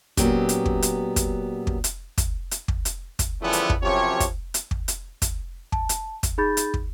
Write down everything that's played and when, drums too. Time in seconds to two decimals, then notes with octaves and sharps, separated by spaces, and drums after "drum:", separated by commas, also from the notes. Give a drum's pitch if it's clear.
0.17 A#2 F3 F#3 B3 C#4 G4, drum: kick, hi-hat
0.49 drum: hi-hat
0.66 drum: kick
0.82 drum: hi-hat
1.16 drum: kick, hi-hat
1.67 drum: kick
1.84 drum: hi-hat
2.18 drum: kick, hi-hat
2.51 drum: hi-hat
2.68 drum: kick
2.85 drum: hi-hat
3.19 drum: kick, hi-hat
3.42 C#3 E3 F3 G3 A3 B3
3.53 drum: hi-hat
3.70 drum: kick
3.83 F#2 C3 F3 G4 C#5
4.20 drum: kick, hi-hat
4.54 drum: hi-hat
4.71 drum: kick
4.88 drum: hi-hat
5.22 drum: kick, hi-hat
5.72 A5, drum: kick
5.89 drum: hi-hat
6.23 drum: kick, hi-hat
6.38 D#4 G#4 B5 G6 A6
6.57 drum: hi-hat
6.74 drum: kick